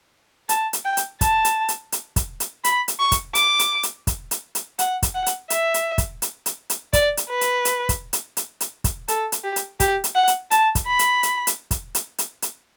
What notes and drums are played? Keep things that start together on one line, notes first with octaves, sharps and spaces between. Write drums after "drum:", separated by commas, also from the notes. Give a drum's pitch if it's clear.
A5, drum: hi-hat
drum: hi-hat
G5
drum: hi-hat
A5, drum: kick, hi-hat
drum: hi-hat
drum: hi-hat
drum: hi-hat
drum: kick, hi-hat
drum: hi-hat
B5, drum: hi-hat
drum: hi-hat
C#6
drum: kick, hi-hat
D6, drum: hi-hat
drum: hi-hat
drum: hi-hat
drum: kick, hi-hat
drum: hi-hat
drum: hi-hat
F#5, drum: hi-hat
drum: kick, hi-hat
F#5
drum: hi-hat
E5, drum: hi-hat
drum: hi-hat
drum: kick, hi-hat
drum: hi-hat
drum: hi-hat
drum: hi-hat
D5, drum: kick, hi-hat
drum: hi-hat
B4
drum: hi-hat
drum: hi-hat
drum: kick, hi-hat
drum: hi-hat
drum: hi-hat
drum: hi-hat
drum: kick, hi-hat
A4, drum: hi-hat
drum: hi-hat
G4
drum: hi-hat
G4, drum: kick, hi-hat
drum: hi-hat
F#5
drum: hi-hat
A5, drum: hi-hat
drum: kick, hi-hat
B5
drum: hi-hat
drum: hi-hat
drum: hi-hat
drum: kick, hi-hat
drum: hi-hat
drum: hi-hat
drum: hi-hat